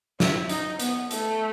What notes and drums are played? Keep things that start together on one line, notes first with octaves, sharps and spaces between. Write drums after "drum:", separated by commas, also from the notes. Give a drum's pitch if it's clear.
E4, drum: snare
D#4, drum: hi-hat
B3, drum: hi-hat
A3, drum: hi-hat